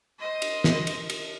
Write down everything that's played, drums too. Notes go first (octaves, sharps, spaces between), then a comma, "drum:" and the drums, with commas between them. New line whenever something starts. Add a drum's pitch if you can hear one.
C5 D#5
drum: cymbal
drum: snare
drum: cymbal
drum: cymbal